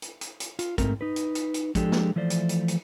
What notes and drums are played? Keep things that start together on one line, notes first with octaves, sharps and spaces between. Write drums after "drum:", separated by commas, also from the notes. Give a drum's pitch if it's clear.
drum: hi-hat
drum: hi-hat
drum: hi-hat
F4, drum: hi-hat
G#2 A3 C4 A#4, drum: kick, hi-hat
D#4 B4
drum: hi-hat
drum: hi-hat
drum: hi-hat
F3 G#3 D4 G4 A4, drum: kick, hi-hat
drum: snare
E3 F3 A3 C5 D5
drum: hi-hat
drum: hi-hat
drum: hi-hat